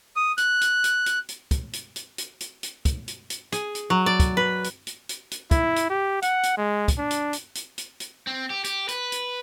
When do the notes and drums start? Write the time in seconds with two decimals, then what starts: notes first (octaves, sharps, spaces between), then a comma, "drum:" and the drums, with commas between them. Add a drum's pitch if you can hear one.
0.16 D#6
0.38 F#6, drum: hi-hat
0.61 drum: hi-hat
0.84 drum: hi-hat
1.06 drum: hi-hat
1.29 drum: hi-hat
1.51 drum: kick, hi-hat
1.73 drum: hi-hat
1.96 drum: hi-hat
2.18 drum: hi-hat
2.41 drum: hi-hat
2.63 drum: hi-hat
2.85 drum: kick, hi-hat
3.08 drum: hi-hat
3.30 drum: hi-hat
3.52 G#4, drum: hi-hat
3.75 drum: hi-hat
3.90 F#3
4.06 D5
4.20 drum: kick, hi-hat
4.37 B4
4.64 drum: hi-hat
4.87 drum: hi-hat
5.09 drum: hi-hat
5.31 drum: hi-hat
5.51 E4, drum: kick, hi-hat
5.76 drum: hi-hat
5.90 G4
6.22 F#5, drum: hi-hat
6.43 drum: hi-hat
6.58 G#3
6.88 drum: kick, hi-hat
6.98 D4
7.11 drum: hi-hat
7.33 drum: hi-hat
7.55 drum: hi-hat
7.78 drum: hi-hat
8.00 drum: hi-hat
8.27 C4
8.50 G4
8.64 G4, drum: hi-hat
8.89 B4, drum: hi-hat
9.12 drum: hi-hat